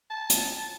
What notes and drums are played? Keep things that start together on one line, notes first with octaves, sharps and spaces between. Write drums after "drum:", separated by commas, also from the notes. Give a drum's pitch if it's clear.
A5
drum: hi-hat